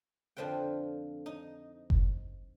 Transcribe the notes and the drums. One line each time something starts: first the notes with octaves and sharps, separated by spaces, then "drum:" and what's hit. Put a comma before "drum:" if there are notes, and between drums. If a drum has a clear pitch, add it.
F2 D3 F3 C4 B4 G5
D#4
drum: kick F#1